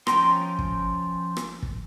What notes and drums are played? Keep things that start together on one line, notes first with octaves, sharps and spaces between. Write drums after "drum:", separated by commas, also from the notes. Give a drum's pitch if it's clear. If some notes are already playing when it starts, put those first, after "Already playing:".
F3 C#4 G5 A#5 C6, drum: rim click
drum: kick
drum: rim click
drum: kick